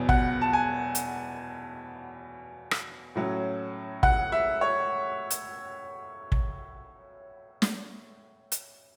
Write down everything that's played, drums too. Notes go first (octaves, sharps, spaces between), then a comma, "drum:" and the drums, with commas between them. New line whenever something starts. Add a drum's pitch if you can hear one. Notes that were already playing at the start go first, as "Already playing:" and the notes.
Already playing: E2 B2 F#3
F#5, drum: kick
A5
G#5
drum: hi-hat
drum: rim click
A2 F#3 C#4
F#5, drum: kick
E5
C#5
drum: hi-hat
drum: kick
drum: snare
drum: hi-hat